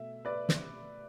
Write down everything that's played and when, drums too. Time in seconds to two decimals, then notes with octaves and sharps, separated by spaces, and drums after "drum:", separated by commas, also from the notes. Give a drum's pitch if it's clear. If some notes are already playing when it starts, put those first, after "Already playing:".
Already playing: B2 A3 E5
0.25 B4 D5
0.49 drum: snare